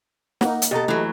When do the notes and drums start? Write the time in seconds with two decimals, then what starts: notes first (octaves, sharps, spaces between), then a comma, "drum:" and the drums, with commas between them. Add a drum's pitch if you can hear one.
0.41 A#3 D#4 F#5, drum: snare
0.62 drum: hi-hat
0.71 B2 G4 A4 D#5 A#5
0.88 E3 F#3 A3